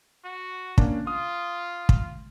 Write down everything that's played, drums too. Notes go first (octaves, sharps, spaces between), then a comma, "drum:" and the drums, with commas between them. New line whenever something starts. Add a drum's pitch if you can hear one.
F#4
A#3 C#4 D4, drum: kick
F4 D#6
drum: kick